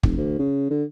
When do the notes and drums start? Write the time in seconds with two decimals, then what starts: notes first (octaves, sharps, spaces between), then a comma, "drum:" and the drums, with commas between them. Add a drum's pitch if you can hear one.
0.03 F1, drum: kick
0.17 D2
0.39 C#3
0.70 D3